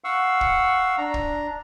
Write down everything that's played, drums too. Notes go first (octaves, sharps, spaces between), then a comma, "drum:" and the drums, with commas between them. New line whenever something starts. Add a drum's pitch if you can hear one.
F5 F#5 C#6 E6
drum: kick
D4 A#5
drum: kick